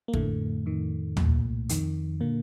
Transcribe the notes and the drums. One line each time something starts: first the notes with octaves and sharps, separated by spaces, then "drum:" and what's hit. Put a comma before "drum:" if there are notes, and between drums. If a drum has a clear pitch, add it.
A#3
F2 A2 D3 A3, drum: kick
F2 D#3
C2 A#2, drum: tom
F2 D#3, drum: hi-hat
A#2 D3 A#3